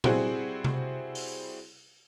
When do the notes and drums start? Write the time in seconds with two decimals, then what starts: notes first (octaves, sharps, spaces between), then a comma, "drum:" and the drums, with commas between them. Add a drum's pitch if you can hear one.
0.04 G3 C4 E4 F#4 G#4 C5, drum: tom A#2
0.64 drum: tom C3
1.15 drum: open hi-hat